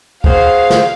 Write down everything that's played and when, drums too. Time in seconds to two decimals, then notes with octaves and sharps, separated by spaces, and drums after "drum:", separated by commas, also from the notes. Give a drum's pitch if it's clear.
0.24 F#4 G#4 C5 F5, drum: kick
0.70 drum: snare